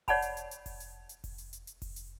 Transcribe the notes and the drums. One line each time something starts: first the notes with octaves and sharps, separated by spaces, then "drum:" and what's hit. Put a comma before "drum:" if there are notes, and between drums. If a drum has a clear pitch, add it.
C#5 D5 F#5 A5 B5, drum: kick F1, open hi-hat
drum: hi-hat
drum: hi-hat
drum: hi-hat
drum: kick F1, open hi-hat
drum: hi-hat
drum: hi-hat
drum: kick F1, open hi-hat
drum: hi-hat
drum: hi-hat
drum: hi-hat
drum: kick F1, open hi-hat
drum: hi-hat